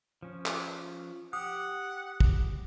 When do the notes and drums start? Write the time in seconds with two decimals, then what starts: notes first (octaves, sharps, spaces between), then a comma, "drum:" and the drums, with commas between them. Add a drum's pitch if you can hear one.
0.22 F3 C#4
0.46 drum: clap
1.33 G4 F#5 D#6
2.20 drum: kick